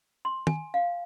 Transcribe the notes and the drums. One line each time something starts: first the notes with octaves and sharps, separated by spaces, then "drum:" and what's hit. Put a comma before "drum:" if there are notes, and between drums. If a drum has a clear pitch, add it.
C6
G#5, drum: tom
F5